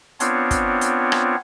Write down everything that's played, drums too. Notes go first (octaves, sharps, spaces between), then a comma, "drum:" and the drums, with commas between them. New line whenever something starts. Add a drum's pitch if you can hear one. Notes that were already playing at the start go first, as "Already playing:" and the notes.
B3 C4 D4 F4 C#5, drum: hi-hat
drum: kick, hi-hat
drum: hi-hat
drum: rim click